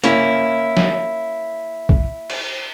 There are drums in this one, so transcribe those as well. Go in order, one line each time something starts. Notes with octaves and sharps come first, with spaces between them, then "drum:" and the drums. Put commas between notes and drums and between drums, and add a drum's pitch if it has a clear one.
A#3 C#4 E4, drum: hi-hat
drum: snare
drum: kick
drum: cymbal